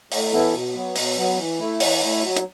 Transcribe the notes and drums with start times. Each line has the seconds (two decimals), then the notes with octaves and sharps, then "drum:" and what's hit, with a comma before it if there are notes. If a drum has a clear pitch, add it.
0.12 A2, drum: open hi-hat
0.33 E3 B3 E4 A4
0.53 B2
0.75 F#3 B3
0.96 B2, drum: open hi-hat
1.17 F#3 B3
1.38 E3
1.59 A3 E4
1.80 E3, drum: open hi-hat
2.02 A3 E4
2.23 F#3
2.37 drum: hi-hat